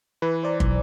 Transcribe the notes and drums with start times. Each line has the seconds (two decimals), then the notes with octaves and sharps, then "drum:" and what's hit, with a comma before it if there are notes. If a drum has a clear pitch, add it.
0.22 E3 B4
0.43 C5 D5 A#5
0.60 B1, drum: kick